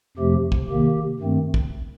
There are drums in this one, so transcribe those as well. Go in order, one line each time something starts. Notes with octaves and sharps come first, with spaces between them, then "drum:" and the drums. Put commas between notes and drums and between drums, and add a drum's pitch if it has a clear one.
F2 C3 F3 A3 G4
drum: kick
C3 D#3 A#3 G4
G2 D#3 A3 C4
drum: kick